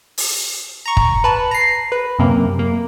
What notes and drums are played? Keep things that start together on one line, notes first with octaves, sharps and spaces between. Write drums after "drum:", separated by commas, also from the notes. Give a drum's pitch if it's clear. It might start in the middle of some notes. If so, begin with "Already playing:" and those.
drum: open hi-hat
A#5 C#6
drum: kick
B4 A5
A#5 C7
B4
F#2 C3 A#3
A#3